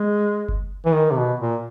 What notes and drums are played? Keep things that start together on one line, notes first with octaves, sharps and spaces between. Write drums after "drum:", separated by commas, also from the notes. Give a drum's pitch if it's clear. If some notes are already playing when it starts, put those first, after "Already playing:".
Already playing: G#3
drum: kick F#1
E3
D#3
C3
B2
A#2